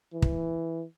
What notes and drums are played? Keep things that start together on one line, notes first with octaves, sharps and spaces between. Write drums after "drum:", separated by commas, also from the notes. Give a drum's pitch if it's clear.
E3
drum: kick